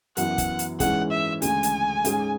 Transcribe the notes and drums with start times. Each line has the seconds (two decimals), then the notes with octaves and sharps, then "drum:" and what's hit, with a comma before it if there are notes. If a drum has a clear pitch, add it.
0.17 F#2 E3 B3 F#4 F#5, drum: hi-hat
0.38 drum: kick, hi-hat
0.59 drum: hi-hat
0.80 G#2 E3 G#3 C#4 G#4 F#5, drum: kick, hi-hat
1.11 E5
1.42 D2 C#3 G#3 G#5, drum: hi-hat
1.63 drum: hi-hat
2.05 G#2 G#3 C#4 G#4, drum: hi-hat